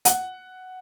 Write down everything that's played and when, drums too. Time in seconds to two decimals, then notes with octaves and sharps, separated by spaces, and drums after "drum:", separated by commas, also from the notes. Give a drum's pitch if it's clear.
0.05 F#5, drum: hi-hat